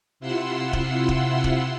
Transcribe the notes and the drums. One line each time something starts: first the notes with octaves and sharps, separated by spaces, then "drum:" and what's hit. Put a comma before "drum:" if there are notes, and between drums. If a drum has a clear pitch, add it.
C3 E4 F4 F#5 C6 E6
drum: kick
drum: kick
drum: kick